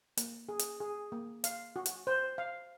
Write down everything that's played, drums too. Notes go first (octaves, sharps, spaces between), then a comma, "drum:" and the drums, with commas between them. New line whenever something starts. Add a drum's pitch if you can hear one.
A#3, drum: hi-hat
G#4
drum: hi-hat
G#4
A#3
F5, drum: hi-hat
F#4
drum: hi-hat
C5
F5